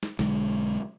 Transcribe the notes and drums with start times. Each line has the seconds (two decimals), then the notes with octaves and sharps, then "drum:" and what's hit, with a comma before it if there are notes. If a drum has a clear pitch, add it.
0.03 drum: snare
0.19 B1 D3 G#3, drum: snare